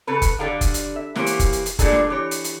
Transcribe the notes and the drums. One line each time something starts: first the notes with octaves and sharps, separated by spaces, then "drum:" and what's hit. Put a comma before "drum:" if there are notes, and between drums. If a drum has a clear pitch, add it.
C#3 A4 B4
drum: kick, hi-hat
D3 G3 G#4 A4 F5 G5
drum: kick, hi-hat
drum: hi-hat
E5
E3 A#3 C#4 G4 C5, drum: snare
drum: hi-hat
drum: kick, hi-hat
drum: hi-hat
drum: hi-hat
A#2 D3 G3 D4 G#4 A4, drum: kick, hi-hat
drum: snare
E3 G4 C#5
drum: hi-hat
drum: hi-hat